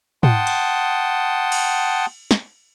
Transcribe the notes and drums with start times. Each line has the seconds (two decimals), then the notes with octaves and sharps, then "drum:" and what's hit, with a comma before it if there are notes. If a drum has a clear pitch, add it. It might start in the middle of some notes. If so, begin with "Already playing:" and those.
0.23 F#5 G5 A5 C6 D#6, drum: tom
0.47 drum: cymbal
1.52 drum: cymbal
2.31 drum: snare